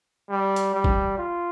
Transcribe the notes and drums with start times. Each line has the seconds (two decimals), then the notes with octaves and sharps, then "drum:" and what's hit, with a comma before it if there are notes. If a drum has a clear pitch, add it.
0.30 G3
0.56 drum: hi-hat
0.74 G3
0.84 drum: kick
1.18 F4